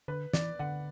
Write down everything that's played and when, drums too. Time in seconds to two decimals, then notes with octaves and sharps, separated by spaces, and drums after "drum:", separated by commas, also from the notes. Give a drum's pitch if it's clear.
0.08 D3 B4
0.33 E3 D5, drum: snare
0.59 D3 F#5